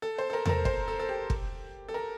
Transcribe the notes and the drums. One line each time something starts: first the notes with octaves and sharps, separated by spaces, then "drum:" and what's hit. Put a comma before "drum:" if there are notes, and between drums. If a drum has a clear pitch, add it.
A4
C5
A4
A#4
A4, drum: tom E2
A#4
C5, drum: kick
A4
A4
G4
drum: kick
A4
A#4